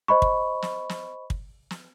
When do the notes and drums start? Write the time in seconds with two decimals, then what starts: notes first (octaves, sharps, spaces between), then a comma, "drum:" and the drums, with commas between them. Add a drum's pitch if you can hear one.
0.08 C5 D#5 B5 C#6
0.22 drum: kick
0.62 drum: snare
0.89 drum: snare
1.30 drum: kick
1.71 drum: snare